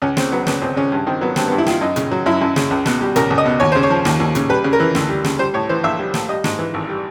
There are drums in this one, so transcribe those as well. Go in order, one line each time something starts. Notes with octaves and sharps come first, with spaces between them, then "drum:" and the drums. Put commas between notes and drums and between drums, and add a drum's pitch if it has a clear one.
C#2 C#4
C#3 C4, drum: snare
F#3 B3
C#2 B3, drum: snare
C#2 C4
C#3 C#4
G2
D#3 C4
F#3 B3
G2 C4, drum: snare
B3
G2
E4
D#3 F4, drum: snare
F#2 D#4
C#3, drum: tom A2
F#3
F#2 E4
F#2
C#3, drum: snare
C#2
B2, drum: snare
G3
C#2 A#4, drum: tom A2
C#2
D#5
B2
D#2 C#5
C#3 C5
C#5
F3
D#2, drum: snare
D#2
C#3, drum: tom A2
G3 B4
C#3
A#4
E3
D2, drum: snare
G3
C#3, drum: snare
G3 C5
A2 C#5
E3 C5
A#1 E5
G3
A2, drum: snare
G3 D#5
G#2, drum: snare
E3
G#1
G3